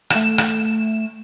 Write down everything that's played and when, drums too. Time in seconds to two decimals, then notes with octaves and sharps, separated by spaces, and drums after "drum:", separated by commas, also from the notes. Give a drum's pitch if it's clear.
0.10 A3 E7, drum: rim click
0.38 drum: rim click